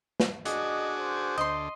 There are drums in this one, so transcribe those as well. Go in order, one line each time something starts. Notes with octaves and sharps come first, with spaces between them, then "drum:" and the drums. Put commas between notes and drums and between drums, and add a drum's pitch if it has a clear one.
drum: snare
D4 F#4 G#4 D#5, drum: hi-hat
C5
D2 D#5 C6